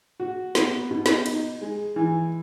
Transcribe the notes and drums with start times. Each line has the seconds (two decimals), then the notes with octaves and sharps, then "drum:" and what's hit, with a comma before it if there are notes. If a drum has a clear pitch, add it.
0.20 F#4
0.55 B3, drum: snare
0.91 B2
1.06 drum: snare
1.26 D#4, drum: cymbal
1.61 G#3
1.96 E3